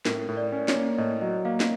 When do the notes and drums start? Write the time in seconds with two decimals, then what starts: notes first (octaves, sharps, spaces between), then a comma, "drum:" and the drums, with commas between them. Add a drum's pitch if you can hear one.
0.05 A2 A#4, drum: snare
0.29 A2
0.37 D5
0.52 C#4
0.68 C#5, drum: snare
0.76 A#3
0.98 A2 D#5
1.21 F#3 D#5
1.45 A#3 F5
1.60 drum: snare